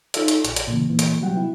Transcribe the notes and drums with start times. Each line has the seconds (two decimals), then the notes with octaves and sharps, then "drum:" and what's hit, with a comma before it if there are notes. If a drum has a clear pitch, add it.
0.14 D#4 F4 A4 C#5 E5 F5, drum: hi-hat
0.28 drum: hi-hat
0.45 A#1, drum: hi-hat
0.56 drum: hi-hat
0.67 A#2 C#3 E3
0.90 A#2 E3
0.99 drum: hi-hat
1.21 C3 F#3 G3 F#5 G5
1.34 B3 E4